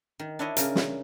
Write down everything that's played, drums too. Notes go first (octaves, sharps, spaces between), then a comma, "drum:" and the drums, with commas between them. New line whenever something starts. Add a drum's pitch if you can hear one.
D#3
D4 E4 C#5 D#5
C#3 A#4, drum: hi-hat
drum: snare